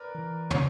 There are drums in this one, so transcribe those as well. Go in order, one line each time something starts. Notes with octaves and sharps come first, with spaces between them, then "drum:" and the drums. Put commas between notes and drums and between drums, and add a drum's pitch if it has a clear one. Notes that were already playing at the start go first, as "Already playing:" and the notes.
Already playing: A#4 B4 D5
E3
C#3 C#5, drum: tom